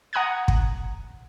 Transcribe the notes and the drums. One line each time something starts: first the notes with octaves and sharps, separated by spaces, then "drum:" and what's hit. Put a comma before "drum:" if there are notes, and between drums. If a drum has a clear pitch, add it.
F#5 A#5 D#6 F#6 G#6
drum: kick